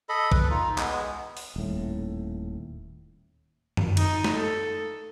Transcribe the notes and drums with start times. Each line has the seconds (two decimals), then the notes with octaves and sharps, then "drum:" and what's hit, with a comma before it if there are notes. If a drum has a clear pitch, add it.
0.09 A4 D#5 B5
0.32 A4 B4, drum: kick
0.50 D#4 F4
0.78 G#3 B3, drum: clap
1.37 drum: open hi-hat
1.56 D#1 A2
3.77 drum: tom F#2
3.97 D#4, drum: cymbal
4.24 drum: snare
4.35 A4